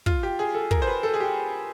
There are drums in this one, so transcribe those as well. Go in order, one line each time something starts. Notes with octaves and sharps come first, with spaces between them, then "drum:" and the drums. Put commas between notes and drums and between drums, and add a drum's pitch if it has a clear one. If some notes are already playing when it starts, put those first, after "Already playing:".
F4, drum: kick
G4
G#4
A4
A#4, drum: kick
C5
B4
A4
G#4
G4